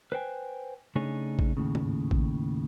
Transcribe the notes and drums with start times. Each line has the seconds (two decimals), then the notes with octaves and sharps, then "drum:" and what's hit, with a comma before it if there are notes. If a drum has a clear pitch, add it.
0.12 B4 C5 G5 G#5
0.95 C#3 A3 D4 D#4 G#4 C#5
1.39 drum: kick
1.57 D#2 A2 C#3
1.75 drum: tom G#2
2.11 drum: kick